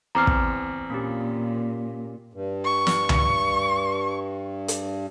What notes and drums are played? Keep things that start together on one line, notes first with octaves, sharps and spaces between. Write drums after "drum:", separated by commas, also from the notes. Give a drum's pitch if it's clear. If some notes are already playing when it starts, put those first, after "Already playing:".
E2 C4 A#5 D6 F6 C7
drum: kick
A#2 A#3 C#4 G4
G2
C#6
drum: snare
drum: tom C#2
drum: hi-hat